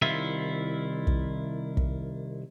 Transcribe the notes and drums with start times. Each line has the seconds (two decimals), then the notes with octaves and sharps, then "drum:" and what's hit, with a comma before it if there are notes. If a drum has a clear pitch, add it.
0.02 C2 D#3 E4 F4 E5
1.07 drum: kick
1.77 drum: kick